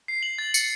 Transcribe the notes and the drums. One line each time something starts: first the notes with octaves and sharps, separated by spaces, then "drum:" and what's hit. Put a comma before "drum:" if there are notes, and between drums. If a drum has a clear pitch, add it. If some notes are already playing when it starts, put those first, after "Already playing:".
C7
F#7
A6
C#7, drum: tambourine